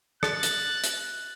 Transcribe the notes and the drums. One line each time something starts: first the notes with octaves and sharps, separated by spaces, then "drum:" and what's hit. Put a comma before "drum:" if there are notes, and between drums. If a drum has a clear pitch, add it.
F#6 A6, drum: rim click
drum: hi-hat
drum: hi-hat